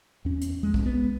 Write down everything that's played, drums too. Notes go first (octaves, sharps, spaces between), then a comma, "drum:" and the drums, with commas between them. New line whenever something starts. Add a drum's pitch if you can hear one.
E2 C#4
drum: hi-hat
G#3
drum: kick B1
B3